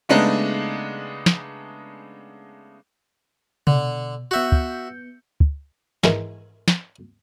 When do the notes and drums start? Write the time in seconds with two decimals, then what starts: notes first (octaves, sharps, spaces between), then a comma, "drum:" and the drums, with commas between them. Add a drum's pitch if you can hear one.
0.09 C#3 G#3 A3 B3 D4 D#4
1.26 drum: snare
3.67 B2 D3, drum: tom C3
4.31 B3 F#4 E5 G6 C#7
4.52 drum: kick
5.40 drum: kick
6.04 G#2 E3 G#3 E4 A#4 A#5, drum: snare
6.68 drum: snare